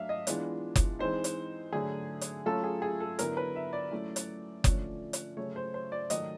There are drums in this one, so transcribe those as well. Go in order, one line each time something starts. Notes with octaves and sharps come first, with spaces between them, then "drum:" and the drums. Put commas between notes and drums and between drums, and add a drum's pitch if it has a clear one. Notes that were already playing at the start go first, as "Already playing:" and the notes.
Already playing: F#3 A3 D4 E5 F5
D#5
E3 G#3 B3 D4 F4, drum: hi-hat
drum: kick F#1, hi-hat
E3 G#3 C4 D#4 C5
drum: hi-hat
D3 F#3 A3 G#4
drum: hi-hat
F#3 A3 C#4 F4 A4
G#4
G#4
A4
D3 F#3 B3 E4 A#4, drum: hi-hat
B4
E5
D5
F#3 A3 C#4 E4
drum: hi-hat
D3 F3 A3 C#4, drum: kick F#1, hi-hat
drum: hi-hat
C#3 F#3 A3 C#5
C5
C5
D5
D#3 F#3 A3 D#5, drum: hi-hat